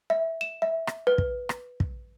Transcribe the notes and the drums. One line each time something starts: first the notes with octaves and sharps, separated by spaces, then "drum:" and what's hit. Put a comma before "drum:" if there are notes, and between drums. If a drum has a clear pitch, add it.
E5
E7
E5
drum: rim click
B4
drum: kick
drum: rim click
drum: kick